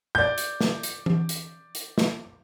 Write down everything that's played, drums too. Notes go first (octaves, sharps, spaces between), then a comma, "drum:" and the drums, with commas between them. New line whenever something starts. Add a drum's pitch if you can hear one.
D5 G6
drum: hi-hat
drum: snare
drum: hi-hat
drum: tom E3
drum: hi-hat
drum: hi-hat
drum: snare